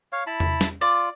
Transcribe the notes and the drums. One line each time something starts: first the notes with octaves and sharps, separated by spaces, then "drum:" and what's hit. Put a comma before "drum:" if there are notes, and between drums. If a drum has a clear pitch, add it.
C#5 F5
E4 A5 B5
drum: tom E2
drum: snare
F4 D5